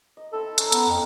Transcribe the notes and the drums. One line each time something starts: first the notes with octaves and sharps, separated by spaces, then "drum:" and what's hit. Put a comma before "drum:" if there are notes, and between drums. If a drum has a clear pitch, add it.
D#5
C4 E4 A4
C#4 A#5, drum: hi-hat
B3, drum: hi-hat
F2